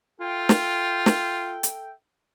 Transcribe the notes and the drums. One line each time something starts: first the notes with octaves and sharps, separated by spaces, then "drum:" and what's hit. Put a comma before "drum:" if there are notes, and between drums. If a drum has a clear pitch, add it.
F4 A4 E5 G5
drum: snare
drum: snare
drum: hi-hat